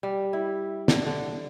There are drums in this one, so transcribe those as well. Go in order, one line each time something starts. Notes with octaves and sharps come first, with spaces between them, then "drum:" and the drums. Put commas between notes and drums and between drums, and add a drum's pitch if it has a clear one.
G3
E4
D3, drum: snare
D3